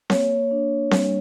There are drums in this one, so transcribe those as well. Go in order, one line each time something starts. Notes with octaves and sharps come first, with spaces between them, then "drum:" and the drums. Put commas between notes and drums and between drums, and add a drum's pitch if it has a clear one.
A#3 C#5, drum: snare C4
D4
G3, drum: snare C4